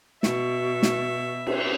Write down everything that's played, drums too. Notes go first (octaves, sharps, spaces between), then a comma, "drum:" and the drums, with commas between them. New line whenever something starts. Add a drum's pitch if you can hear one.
B2 F#4 E5, drum: snare
drum: snare
drum: cymbal